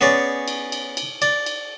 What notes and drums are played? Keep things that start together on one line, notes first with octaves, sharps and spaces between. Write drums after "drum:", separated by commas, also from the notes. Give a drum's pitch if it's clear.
B3 C#4 G#4 C#5 D5
drum: cymbal
drum: cymbal
drum: cymbal
D5, drum: cymbal
drum: cymbal